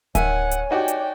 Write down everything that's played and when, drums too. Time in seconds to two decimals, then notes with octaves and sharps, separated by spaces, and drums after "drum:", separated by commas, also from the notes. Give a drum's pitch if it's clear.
0.15 D#3 C#5 E5 F#5 G#5, drum: kick D1, hi-hat
0.51 drum: hi-hat
0.71 D#4 F#4 G4 D5 G5
0.88 drum: hi-hat